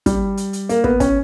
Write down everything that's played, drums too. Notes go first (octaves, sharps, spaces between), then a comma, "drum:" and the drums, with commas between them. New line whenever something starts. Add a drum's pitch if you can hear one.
G3, drum: kick, hi-hat
drum: hi-hat
drum: hi-hat
A#3, drum: hi-hat
B3, drum: kick
C#4, drum: kick, hi-hat